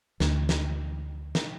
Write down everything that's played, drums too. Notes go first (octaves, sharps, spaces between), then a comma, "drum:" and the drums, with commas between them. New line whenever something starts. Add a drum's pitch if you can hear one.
D2, drum: snare
drum: snare
drum: snare